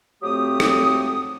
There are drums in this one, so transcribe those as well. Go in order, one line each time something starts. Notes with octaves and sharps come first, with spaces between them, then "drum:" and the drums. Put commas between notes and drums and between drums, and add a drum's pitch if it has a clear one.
F2 F#3 A3 C4 G4 D#6
drum: rim click